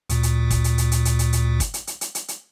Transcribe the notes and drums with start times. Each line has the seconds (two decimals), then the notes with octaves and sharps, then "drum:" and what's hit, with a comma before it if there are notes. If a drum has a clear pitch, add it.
0.09 D2 A#2, drum: hi-hat
0.23 drum: hi-hat
0.51 drum: kick, hi-hat
0.64 drum: hi-hat
0.78 drum: hi-hat
0.92 drum: hi-hat
1.05 drum: hi-hat
1.19 drum: hi-hat
1.33 drum: hi-hat
1.60 drum: kick, hi-hat
1.74 drum: hi-hat
1.87 drum: hi-hat
2.01 drum: hi-hat
2.15 drum: hi-hat
2.28 drum: hi-hat